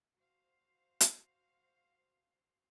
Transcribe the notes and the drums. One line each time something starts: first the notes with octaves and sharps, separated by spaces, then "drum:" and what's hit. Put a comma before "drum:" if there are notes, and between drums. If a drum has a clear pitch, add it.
F#4 C5 F5
drum: hi-hat